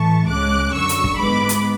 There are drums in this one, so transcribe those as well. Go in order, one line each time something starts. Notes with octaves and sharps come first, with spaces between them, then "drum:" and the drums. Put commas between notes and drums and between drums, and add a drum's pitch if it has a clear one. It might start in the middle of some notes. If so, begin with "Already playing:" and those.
Already playing: A2 E3 A3 A5 C#6
C#2 C#3 G#3 C#4 D6 F#6
F#2 D3 F#3 C#6 E6
drum: hi-hat
drum: kick
G#2 G#3 B3 B5 D6
drum: hi-hat